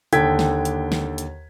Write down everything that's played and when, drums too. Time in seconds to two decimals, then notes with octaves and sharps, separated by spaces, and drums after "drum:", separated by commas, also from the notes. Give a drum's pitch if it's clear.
0.13 D#2 D3 A4 G5 G#6 B6, drum: hi-hat
0.39 drum: snare
0.65 drum: hi-hat
0.92 drum: snare
1.18 drum: hi-hat